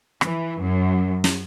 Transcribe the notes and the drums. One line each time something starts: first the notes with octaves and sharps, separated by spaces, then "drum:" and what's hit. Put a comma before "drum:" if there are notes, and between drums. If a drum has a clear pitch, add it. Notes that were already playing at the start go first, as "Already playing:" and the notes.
E3, drum: rim click
F#2
drum: snare